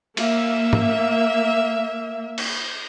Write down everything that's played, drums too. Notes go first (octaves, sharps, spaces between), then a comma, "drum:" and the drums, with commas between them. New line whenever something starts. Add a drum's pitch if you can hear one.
A#3 E5, drum: cymbal
drum: tom
drum: cymbal